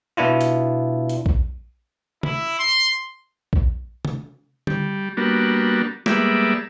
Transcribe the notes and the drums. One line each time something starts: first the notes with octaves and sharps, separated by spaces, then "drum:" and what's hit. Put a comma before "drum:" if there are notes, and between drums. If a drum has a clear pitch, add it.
B2 B3 D4 E4 F4
drum: hi-hat
drum: hi-hat
drum: kick
E4, drum: tom C3
C6
drum: kick
drum: tom C3
G3, drum: tom D3
G3 A#3 B3 D4 F#4
G3 G#3 A#3 B3 D5 E5, drum: snare